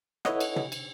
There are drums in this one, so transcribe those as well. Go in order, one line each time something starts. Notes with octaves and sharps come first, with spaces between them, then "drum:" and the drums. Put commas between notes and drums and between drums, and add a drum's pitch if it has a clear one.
E4 A4 B4 C#5 D#5 F#5, drum: rim click
drum: cymbal
drum: tom
drum: cymbal